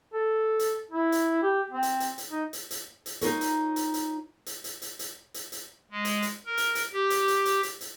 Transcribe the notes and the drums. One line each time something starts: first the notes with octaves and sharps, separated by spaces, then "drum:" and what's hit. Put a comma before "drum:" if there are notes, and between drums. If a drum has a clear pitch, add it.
A4
drum: hi-hat
E4
drum: hi-hat
G4
C4
drum: hi-hat
drum: hi-hat
drum: hi-hat
D#4
drum: hi-hat
drum: hi-hat
drum: hi-hat
D#4 F4 A#4 C#5, drum: hi-hat
drum: hi-hat
drum: hi-hat
drum: hi-hat
drum: hi-hat
drum: hi-hat
drum: hi-hat
drum: hi-hat
drum: hi-hat
drum: hi-hat
G#3
drum: hi-hat
drum: hi-hat
A#4
drum: hi-hat
drum: hi-hat
G4
drum: hi-hat
drum: hi-hat
drum: hi-hat
drum: hi-hat
drum: hi-hat